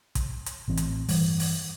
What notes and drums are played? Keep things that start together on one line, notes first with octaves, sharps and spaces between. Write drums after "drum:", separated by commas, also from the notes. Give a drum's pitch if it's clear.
drum: kick, hi-hat
drum: hi-hat
A1 E3 C4
drum: hi-hat
G2 E3 G3, drum: open hi-hat
drum: open hi-hat